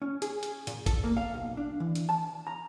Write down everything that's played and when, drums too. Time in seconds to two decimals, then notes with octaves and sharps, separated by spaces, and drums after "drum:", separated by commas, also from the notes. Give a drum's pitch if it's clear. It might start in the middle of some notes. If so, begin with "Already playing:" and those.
0.02 C#4
0.22 G#4, drum: hi-hat
0.43 drum: hi-hat
0.67 A#2, drum: hi-hat
0.86 A4, drum: kick, hi-hat
1.04 A#3
1.17 F5
1.34 B1
1.57 D4
1.80 E3
1.95 drum: hi-hat
2.09 A5
2.47 A#5